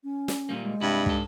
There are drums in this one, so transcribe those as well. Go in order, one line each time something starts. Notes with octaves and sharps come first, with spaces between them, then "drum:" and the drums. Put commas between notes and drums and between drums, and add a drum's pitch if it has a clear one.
C#4
drum: snare
A#2 G3 A#3
G#3
G2 C3 E4
G#2 A4, drum: kick